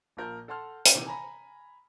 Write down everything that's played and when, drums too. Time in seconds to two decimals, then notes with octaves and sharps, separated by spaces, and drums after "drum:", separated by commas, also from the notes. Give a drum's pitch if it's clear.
0.17 A#1 A#2 A#4 A5 G6
0.48 A4 F#5 A5 C6 F6
0.85 drum: hi-hat
0.95 C3 D#3 E3
1.07 G#5 A#5 B5